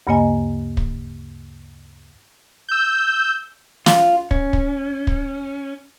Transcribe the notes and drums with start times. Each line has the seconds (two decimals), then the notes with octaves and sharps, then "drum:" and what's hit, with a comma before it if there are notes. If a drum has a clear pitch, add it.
0.07 D2 G2 C#3 A#3 D#5 G#5
0.77 drum: kick
2.69 E6 G6
3.86 F4, drum: snare
4.31 C#4, drum: kick
4.53 drum: kick
5.07 drum: kick